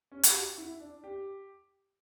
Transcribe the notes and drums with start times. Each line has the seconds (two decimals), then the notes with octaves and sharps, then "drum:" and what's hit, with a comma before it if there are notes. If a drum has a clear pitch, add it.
0.12 C#4
0.23 G4, drum: hi-hat
0.34 F#4
0.58 E4
0.80 D4
1.04 G4